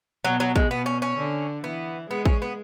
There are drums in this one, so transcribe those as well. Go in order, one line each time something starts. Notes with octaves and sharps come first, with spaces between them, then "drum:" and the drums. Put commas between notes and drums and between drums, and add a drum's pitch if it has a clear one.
B2 F#3
F#3
G#3, drum: kick
B2 B3
C#4
C#4
D3
E3 B3
G#3 B3
C#4, drum: kick
B3